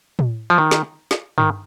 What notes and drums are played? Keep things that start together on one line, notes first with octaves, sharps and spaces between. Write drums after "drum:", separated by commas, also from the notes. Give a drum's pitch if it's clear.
drum: tom
F3
D#3
drum: snare
drum: snare
D#3, drum: tom G2